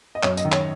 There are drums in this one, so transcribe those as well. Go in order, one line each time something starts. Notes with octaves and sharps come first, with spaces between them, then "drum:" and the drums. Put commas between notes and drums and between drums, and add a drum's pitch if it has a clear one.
D#5
F#2 C#5, drum: clap
D#5, drum: tambourine
D#3
C#5, drum: clap